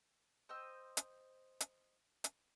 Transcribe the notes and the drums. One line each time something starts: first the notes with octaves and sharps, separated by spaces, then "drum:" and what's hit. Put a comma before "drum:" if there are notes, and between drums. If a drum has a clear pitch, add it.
C5 D#5 G5 E6
drum: hi-hat
drum: hi-hat
drum: hi-hat